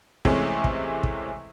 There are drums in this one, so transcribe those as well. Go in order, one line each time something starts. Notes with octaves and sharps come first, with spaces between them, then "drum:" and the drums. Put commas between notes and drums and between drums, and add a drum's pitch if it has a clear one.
C3 E3 G#3 A3 C4 C#4, drum: kick
drum: kick
drum: kick